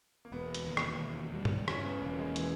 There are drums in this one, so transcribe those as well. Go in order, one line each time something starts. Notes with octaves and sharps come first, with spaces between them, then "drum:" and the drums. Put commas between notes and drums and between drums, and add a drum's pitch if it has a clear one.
A#3
E1 B3
drum: hi-hat
D#2
drum: rim click
E1
G3
drum: tom G2
C#3 C#4, drum: rim click
C#4
B3
E1 A#3
G#3
E3, drum: hi-hat